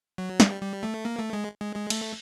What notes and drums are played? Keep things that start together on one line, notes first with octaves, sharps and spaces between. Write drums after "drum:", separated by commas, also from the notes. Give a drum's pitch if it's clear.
F#3
G3, drum: snare
G3
A3
A#3
A3
G#3
G#3
G#3
A3, drum: cymbal